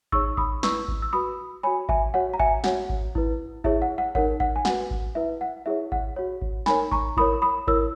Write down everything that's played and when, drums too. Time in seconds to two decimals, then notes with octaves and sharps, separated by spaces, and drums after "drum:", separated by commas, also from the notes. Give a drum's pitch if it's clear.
0.12 D#4 G#4 C#5 C#6 E6, drum: kick G#1
0.37 B5 D#6, drum: kick G#1
0.63 E4 B4 C#6 E6, drum: snare
0.88 drum: kick G#1
1.02 E6
1.13 F#4 B4 B5 D#6
1.63 F#4 C#5 G#5 B5
1.89 E5 G#5, drum: kick G#1
2.14 F#4 C#5 F#5
2.34 A#5
2.39 E5 G#5, drum: kick G#1
2.64 F#4 C#5 F#5, drum: snare
2.89 drum: kick G#1
3.15 E4 B4, drum: kick G#1
3.64 E4 G#4 C#5 E5, drum: kick G#1
3.82 F#5
3.98 F#5
4.15 D#4 A#4 C#5 F#5, drum: kick G#1
4.40 F#5, drum: kick G#1
4.56 G#5
4.65 F#4 B4 F#5, drum: snare
4.91 drum: kick G#1
5.15 E4 B4 E5
5.41 F#5
5.66 E4 G#4 C#5 E5
5.92 F#5, drum: kick G#1
6.16 F#4 C#5
6.42 drum: kick G#1
6.66 D#4 A#4 C#5 G#5 B5, drum: snare
6.92 A#5 C#6, drum: kick G#1
7.17 E4 A#4 C#5 B5 D#6, drum: kick G#1
7.42 B5 D#6
7.67 E4 A#4 C#5 E6, drum: kick G#1